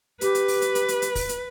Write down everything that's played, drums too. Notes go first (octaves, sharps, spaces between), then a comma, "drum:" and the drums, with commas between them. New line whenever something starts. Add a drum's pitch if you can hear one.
G4 B4, drum: hi-hat
drum: hi-hat
drum: open hi-hat
drum: hi-hat
drum: hi-hat
drum: hi-hat
drum: hi-hat
drum: kick, open hi-hat
drum: hi-hat